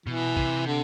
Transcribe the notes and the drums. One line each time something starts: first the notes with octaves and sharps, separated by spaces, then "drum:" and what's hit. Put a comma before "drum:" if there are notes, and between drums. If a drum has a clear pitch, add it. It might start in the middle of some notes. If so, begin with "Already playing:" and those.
B2 E3
C3, drum: kick A#1
D3